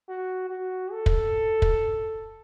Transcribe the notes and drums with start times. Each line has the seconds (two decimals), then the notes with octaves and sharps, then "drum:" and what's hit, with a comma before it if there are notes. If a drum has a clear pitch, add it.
0.09 F#4
0.50 F#4
0.92 A4
1.06 drum: kick
1.62 drum: kick